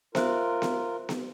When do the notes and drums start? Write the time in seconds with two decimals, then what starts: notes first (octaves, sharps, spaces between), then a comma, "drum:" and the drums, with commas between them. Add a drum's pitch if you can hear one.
0.15 F4 A#4 C5 E5 F#6, drum: snare B3
0.62 drum: snare B3
1.09 drum: snare B3